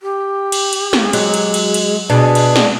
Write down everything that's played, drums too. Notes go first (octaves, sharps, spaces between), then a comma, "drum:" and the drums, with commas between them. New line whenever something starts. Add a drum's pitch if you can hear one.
G4
drum: cymbal
drum: cymbal
drum: snare
F#3 G#3, drum: cymbal
drum: cymbal
drum: cymbal
drum: cymbal
B2 D4 G#4
drum: cymbal
drum: snare